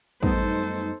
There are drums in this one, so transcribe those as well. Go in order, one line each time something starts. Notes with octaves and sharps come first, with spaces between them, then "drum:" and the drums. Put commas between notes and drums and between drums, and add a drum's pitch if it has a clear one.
F#2 G3 A3 B3 D#4 A4 C5, drum: kick